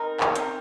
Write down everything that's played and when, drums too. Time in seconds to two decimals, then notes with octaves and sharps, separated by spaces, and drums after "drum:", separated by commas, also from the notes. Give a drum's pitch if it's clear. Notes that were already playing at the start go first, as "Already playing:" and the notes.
Already playing: C4 D#4 A#4
0.20 drum: clap
0.35 C4 D#4 A#4, drum: hi-hat